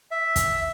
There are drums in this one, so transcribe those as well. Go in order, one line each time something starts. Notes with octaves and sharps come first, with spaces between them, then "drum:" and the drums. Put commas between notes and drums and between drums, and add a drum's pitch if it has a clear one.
E5
drum: kick, hi-hat